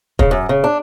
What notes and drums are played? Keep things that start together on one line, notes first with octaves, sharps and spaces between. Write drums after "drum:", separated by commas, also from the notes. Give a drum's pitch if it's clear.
C#3, drum: kick
F#2
C#3
D4